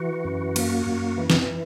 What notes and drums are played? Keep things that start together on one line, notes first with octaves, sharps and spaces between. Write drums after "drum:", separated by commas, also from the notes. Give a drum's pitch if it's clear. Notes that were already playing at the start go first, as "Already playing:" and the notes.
Already playing: E3 F#4
F#2
A#3, drum: cymbal
F#2
E3
drum: snare